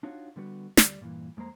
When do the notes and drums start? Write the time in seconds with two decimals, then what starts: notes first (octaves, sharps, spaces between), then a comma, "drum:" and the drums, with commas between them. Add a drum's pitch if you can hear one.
0.03 D4 D#4 F4 F#4 C#5
0.36 D3 G3 B3 F#4
0.77 D2 G3 D5, drum: snare
1.01 G2 A#2 D3 E3
1.37 F2 G#3 A#3 C5 A#5